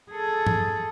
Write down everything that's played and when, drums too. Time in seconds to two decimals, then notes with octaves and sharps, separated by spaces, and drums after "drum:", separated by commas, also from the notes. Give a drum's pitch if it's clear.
0.11 G#4 A4
0.47 drum: tom G2